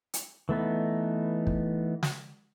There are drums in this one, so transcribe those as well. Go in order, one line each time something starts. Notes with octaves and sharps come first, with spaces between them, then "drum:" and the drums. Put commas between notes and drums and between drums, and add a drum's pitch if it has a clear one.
drum: hi-hat
E3 A3 B3 D#4
drum: kick
drum: snare